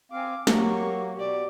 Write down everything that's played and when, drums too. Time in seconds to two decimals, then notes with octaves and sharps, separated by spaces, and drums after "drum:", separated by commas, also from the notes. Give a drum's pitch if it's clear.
0.12 C4 F5 G#5 D6
0.47 F#3 A#3 G4 C#6, drum: snare
1.16 B2 G4 D5